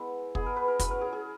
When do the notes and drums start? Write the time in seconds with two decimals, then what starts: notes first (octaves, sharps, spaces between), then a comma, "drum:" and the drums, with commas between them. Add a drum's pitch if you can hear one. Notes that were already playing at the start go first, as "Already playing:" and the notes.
Already playing: G#3 B3 E4
0.35 G#3 B3 E4 G#4, drum: kick
0.46 A#4
0.56 B4
0.68 A#4
0.79 F#3 C#4 E4 B4, drum: kick, hi-hat
0.91 A#4
1.01 G#4
1.13 G#4